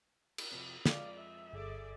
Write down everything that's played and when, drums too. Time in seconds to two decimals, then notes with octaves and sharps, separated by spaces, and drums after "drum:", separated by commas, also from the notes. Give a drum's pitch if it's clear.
0.38 drum: cymbal
0.52 F2 C3
0.86 F2 G#3 D5 F5, drum: snare
1.18 E5
1.53 G1 G#4 A4 D5